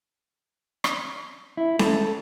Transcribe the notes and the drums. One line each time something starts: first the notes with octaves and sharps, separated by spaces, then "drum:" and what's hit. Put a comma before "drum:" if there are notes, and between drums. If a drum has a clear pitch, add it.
drum: rim click
E4
A4, drum: snare C#4